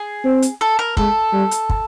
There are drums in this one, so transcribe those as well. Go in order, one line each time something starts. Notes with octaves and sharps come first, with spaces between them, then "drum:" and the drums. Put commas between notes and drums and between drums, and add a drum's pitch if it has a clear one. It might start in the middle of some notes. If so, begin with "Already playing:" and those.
Already playing: G#4
C4
drum: hi-hat
A4
A#4
G#3 A4, drum: kick
G3
drum: hi-hat
drum: kick